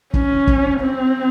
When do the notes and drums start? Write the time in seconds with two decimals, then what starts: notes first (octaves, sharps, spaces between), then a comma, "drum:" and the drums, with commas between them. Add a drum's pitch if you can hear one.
0.14 C#4, drum: kick
0.47 drum: kick
0.81 C4